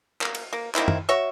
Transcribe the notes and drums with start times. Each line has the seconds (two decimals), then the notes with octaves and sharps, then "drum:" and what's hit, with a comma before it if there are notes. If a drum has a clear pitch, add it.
0.21 A#3, drum: clap
0.35 drum: cymbal
0.53 A#3
0.75 D#3 A#3 C4 E4, drum: clap
0.88 drum: tom
1.09 F#4 C#5 E5